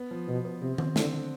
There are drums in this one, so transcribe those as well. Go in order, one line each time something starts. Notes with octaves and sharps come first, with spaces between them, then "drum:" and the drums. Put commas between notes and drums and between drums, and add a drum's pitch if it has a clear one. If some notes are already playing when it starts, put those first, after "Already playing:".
Already playing: B3
F3
B2 F3
B3
C3 C4
C4, drum: tom D#3
D3 C4, drum: snare
D3